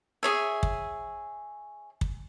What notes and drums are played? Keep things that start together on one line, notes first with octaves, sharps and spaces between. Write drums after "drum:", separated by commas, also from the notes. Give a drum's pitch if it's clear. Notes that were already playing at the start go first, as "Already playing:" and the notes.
G#4 C#5 E5
drum: kick
drum: kick